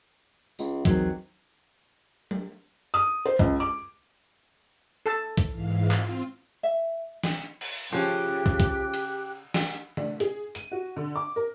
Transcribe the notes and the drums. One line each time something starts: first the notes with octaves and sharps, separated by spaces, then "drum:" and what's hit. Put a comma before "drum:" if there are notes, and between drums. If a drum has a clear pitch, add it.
C#2, drum: tambourine
E2 D#3 F#3 C4, drum: kick
drum: tom F#3
D#6
C5
C#2, drum: kick
D6
A4 A5
drum: kick
G#2 E3 F5
C4 F4, drum: clap
E5
drum: snare
drum: cymbal
C#3 F3 C#4 G4 G5 F#6
drum: kick
drum: kick
drum: cymbal
drum: snare
D4, drum: tom C#3
G#4, drum: hi-hat
D#7, drum: hi-hat
F#4
D3
D6
A#4